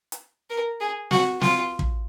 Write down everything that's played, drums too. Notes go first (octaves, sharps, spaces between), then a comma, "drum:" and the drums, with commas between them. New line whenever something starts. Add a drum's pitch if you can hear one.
drum: hi-hat
A#4
G#4
F#4, drum: snare
F4, drum: snare
drum: kick